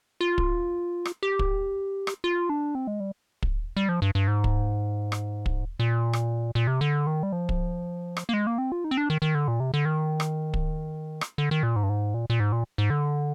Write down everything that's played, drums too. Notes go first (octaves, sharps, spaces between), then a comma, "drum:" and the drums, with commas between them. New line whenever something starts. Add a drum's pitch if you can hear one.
F4
drum: kick
drum: rim click
G4
drum: kick
drum: rim click
F4
D4
C4
G#3
G3
drum: kick
G3
F3
G2
G2
G#2
drum: kick
drum: rim click
drum: kick
A#2
drum: rim click
A#2
C3
D3
D#3
G3
F3
drum: kick
drum: rim click
A#3
G#3
A#3
C4
F4
D#4
C4
D4
D#3
D#3
D3
A#2
C3
D3
D#3
drum: rim click
drum: kick
drum: rim click
D3
D#3
A#2
G#2
G2
G#2
A#2
A#2
G#2
A#2
G#2
D3